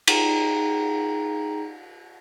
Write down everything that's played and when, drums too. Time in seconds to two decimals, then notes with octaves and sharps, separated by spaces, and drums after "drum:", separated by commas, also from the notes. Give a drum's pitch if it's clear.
0.07 D#4 G#4 G5 A#5, drum: cymbal